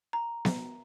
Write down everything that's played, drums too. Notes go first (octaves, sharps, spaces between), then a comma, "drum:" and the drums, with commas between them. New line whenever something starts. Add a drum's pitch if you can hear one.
A#5
drum: snare B3